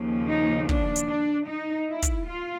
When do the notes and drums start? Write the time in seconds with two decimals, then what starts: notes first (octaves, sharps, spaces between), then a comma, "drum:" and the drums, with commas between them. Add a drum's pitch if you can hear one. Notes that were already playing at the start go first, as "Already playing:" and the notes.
Already playing: D#2 C#3 F3 A#3
0.29 D#4
0.69 D4, drum: kick
0.96 drum: hi-hat
1.10 D4
1.49 D#4
1.89 E4
2.03 drum: kick, hi-hat
2.29 F4